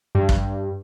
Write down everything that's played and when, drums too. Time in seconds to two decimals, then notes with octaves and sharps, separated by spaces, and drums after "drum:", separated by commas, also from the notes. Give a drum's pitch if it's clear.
0.15 G2
0.29 drum: kick